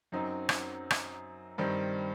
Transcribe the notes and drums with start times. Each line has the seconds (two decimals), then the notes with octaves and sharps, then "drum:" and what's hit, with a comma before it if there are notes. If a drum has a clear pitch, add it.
0.12 F#2 F#3 C4 D#4
0.49 drum: rim click
0.90 drum: rim click
1.58 G2 D#3 G3 C4